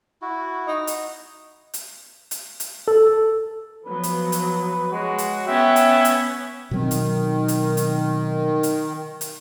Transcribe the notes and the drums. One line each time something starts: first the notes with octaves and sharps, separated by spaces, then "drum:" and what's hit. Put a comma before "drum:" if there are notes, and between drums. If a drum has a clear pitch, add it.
E4 F#4
D#4
drum: hi-hat
drum: hi-hat
drum: hi-hat
drum: hi-hat
A4
F3 F#3 B3 B4
drum: hi-hat
drum: hi-hat
G#3 F#4 C#5
drum: hi-hat
B3 C#4 E5 G5
drum: hi-hat
drum: hi-hat
B2 D#3 F#3 C4
drum: hi-hat
drum: hi-hat
drum: hi-hat
drum: hi-hat
drum: hi-hat